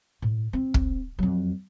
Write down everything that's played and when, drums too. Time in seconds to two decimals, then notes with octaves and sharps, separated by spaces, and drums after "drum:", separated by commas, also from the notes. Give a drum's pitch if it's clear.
0.22 A2
0.53 C4
0.74 drum: kick
1.19 F2 F#3